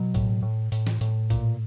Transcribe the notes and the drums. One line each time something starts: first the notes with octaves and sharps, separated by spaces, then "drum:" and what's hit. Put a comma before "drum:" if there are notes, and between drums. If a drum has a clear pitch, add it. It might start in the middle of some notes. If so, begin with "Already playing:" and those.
Already playing: B2 F#3
A2, drum: kick A#1, hi-hat
A2
A2, drum: hi-hat
drum: snare
A2, drum: hi-hat
A#2, drum: kick A#1, hi-hat